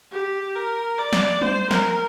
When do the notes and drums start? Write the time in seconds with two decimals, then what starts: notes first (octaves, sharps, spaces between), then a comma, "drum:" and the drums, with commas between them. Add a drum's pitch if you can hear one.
0.12 G4
0.55 A#4
0.98 D5
1.13 drum: snare
1.42 C5, drum: tom
1.71 A#4, drum: snare